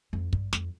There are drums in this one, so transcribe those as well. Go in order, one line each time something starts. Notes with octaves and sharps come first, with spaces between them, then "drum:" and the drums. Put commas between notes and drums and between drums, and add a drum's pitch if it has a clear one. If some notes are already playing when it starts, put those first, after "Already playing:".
F2
G2, drum: kick
F2, drum: snare